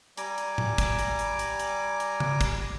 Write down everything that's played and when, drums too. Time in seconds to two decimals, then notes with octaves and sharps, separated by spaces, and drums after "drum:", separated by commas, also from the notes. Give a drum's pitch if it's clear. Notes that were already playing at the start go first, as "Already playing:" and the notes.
0.17 G3 G#5 A#5 D6, drum: hi-hat
0.38 drum: hi-hat
0.58 drum: tom A2
0.78 drum: kick, hi-hat
0.99 drum: hi-hat
1.19 drum: hi-hat
1.39 drum: hi-hat
1.59 drum: hi-hat
2.00 drum: hi-hat
2.20 drum: tom C#3
2.41 drum: kick, hi-hat